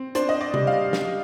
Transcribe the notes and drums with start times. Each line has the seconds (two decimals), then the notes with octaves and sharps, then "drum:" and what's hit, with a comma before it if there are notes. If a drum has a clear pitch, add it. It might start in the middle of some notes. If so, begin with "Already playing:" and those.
Already playing: C4
0.15 D4 C5, drum: hi-hat
0.29 D#5
0.41 D5
0.54 G3, drum: tom C3
0.67 F5
0.93 G3, drum: snare